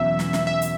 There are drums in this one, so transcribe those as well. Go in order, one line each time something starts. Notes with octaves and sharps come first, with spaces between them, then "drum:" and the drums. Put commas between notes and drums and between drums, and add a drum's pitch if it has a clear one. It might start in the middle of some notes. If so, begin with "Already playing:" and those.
Already playing: E2 B2 F#3 C#4 E4 E5
drum: snare
drum: snare
E5
drum: hi-hat